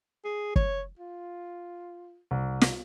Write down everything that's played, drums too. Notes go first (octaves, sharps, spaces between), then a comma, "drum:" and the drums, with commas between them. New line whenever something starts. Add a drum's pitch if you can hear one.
G#4
C#5, drum: kick
F4
C2
drum: snare